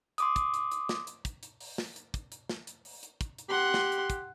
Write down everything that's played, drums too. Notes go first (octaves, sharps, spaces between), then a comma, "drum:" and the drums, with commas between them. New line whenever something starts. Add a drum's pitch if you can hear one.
C6 D6 D#6, drum: hi-hat
drum: kick, hi-hat
drum: hi-hat
drum: hi-hat
drum: snare
drum: hi-hat
drum: kick, hi-hat
drum: hi-hat
drum: open hi-hat
drum: snare
drum: hi-hat
drum: kick, hi-hat
drum: hi-hat
drum: snare
drum: hi-hat
drum: open hi-hat
drum: hi-hat
drum: kick, hi-hat
drum: hi-hat
G4 F#5 C6
drum: snare
drum: hi-hat
drum: kick, hi-hat